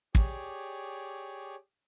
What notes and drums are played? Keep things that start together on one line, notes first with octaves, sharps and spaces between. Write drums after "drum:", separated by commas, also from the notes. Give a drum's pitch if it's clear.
G4 G#4 C#5 D5, drum: kick